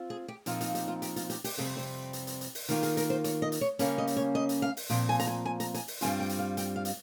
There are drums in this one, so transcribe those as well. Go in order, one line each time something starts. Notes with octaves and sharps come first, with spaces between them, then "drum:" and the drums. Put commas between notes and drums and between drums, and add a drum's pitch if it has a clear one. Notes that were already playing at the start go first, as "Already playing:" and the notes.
Already playing: C4 F4
G#4
G4
A#2 F3 C4 D#4 F4, drum: hi-hat
F4, drum: hi-hat
G4, drum: hi-hat
F4
G4, drum: hi-hat
F4, drum: hi-hat
G4, drum: hi-hat
G4, drum: open hi-hat
F2 C3 G3 C4 G#4
C5
drum: hi-hat
drum: hi-hat
drum: hi-hat
drum: open hi-hat
D#3 A#3 F4 G4, drum: hi-hat
G#4, drum: hi-hat
A#4, drum: hi-hat
C5
C#5, drum: hi-hat
D#5
drum: hi-hat
C#5
C#3 G3 A#3 C#4, drum: hi-hat
D#5
drum: hi-hat
C#5
D#5
drum: hi-hat
F5
drum: open hi-hat
A#2 F3 C4 G5, drum: hi-hat
G#5
A#5, drum: hi-hat
G#5
G#5
A#5, drum: hi-hat
G#5, drum: hi-hat
drum: open hi-hat
G2 G3 C4 F4 G#5, drum: hi-hat
G5
drum: hi-hat
F5
G5, drum: hi-hat
F5
drum: hi-hat